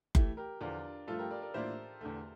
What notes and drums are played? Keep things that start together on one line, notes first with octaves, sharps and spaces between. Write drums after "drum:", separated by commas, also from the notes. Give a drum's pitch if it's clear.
E3 A3 E4 G4, drum: kick F#1
G4 A#4
E2 D3 F3 D4 F4
G2 F3 A3 F4 A4
G4 A#4
A#4 D5
A#4 D5
A2 E3 A#3 D4 F4 C5 E5
E2 D3 A3